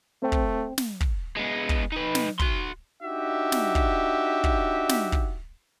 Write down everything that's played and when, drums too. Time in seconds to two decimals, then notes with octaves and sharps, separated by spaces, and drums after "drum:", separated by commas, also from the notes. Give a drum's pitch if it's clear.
0.23 A3 C4 C5 G5
0.32 drum: kick
0.78 drum: snare
1.01 drum: kick
1.37 G#3 B3
1.69 drum: kick
1.92 D#4 B4
2.15 drum: snare
2.39 F#4 C6, drum: kick
3.02 D4 D#4 F#4 G4 E5
3.52 drum: snare
3.75 drum: kick
4.44 drum: kick
4.89 drum: snare
5.12 drum: kick